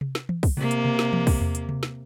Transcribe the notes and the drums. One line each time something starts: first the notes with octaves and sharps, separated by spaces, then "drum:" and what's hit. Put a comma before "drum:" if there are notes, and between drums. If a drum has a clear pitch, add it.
drum: tom C3
drum: snare
drum: tom E3
drum: kick, open hi-hat
C3 A#3, drum: tom C3
drum: hi-hat
drum: tom C3
drum: snare
drum: tom E3
drum: kick, open hi-hat
drum: tom E2
drum: hi-hat
drum: tom C3
drum: snare